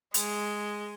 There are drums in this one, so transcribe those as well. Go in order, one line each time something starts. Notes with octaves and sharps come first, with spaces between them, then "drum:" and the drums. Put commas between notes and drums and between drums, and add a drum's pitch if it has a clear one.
G#3, drum: hi-hat